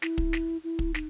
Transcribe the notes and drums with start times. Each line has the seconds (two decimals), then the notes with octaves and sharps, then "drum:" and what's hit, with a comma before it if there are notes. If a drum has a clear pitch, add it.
0.02 E4, drum: snare
0.18 drum: kick
0.33 drum: snare
0.64 E4
0.79 drum: kick
0.94 D#4, drum: snare